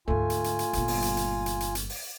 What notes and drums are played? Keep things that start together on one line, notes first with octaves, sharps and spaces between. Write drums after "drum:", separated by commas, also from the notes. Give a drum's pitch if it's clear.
D2 G#2 A3 F4 G#5
drum: hi-hat
drum: hi-hat
drum: hi-hat
G1 A#2, drum: hi-hat
drum: open hi-hat
drum: hi-hat
drum: hi-hat
drum: hi-hat
drum: hi-hat
drum: hi-hat
drum: open hi-hat